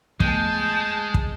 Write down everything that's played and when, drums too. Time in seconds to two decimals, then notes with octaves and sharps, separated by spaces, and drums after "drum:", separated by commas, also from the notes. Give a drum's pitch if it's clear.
0.20 F3 G#3 A3 B3 A5 G6, drum: kick
1.14 drum: kick